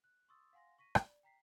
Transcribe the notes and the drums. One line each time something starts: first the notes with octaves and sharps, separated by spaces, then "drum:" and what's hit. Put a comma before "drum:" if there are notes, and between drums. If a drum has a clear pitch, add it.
F#6
C6 C#6 D#6 E6 A6
F5 F#5 G#5 C6 A#6
C#6 A#6 B6 D#7
D5, drum: rim click
G5 A#5 B6 C7